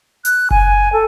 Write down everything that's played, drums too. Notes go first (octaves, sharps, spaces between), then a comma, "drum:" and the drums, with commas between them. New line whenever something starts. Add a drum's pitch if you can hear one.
F#6, drum: hi-hat
G#5, drum: kick F#1
A4